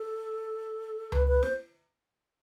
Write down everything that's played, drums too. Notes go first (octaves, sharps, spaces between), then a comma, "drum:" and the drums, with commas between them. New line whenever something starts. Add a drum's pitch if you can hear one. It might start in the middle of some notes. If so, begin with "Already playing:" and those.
Already playing: A4
B4, drum: tom C#2
B4
C5, drum: snare